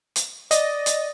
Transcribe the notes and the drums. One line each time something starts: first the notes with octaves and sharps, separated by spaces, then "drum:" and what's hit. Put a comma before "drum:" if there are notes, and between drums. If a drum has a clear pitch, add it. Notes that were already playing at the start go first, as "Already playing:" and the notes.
drum: hi-hat
D5 D#5, drum: hi-hat
drum: hi-hat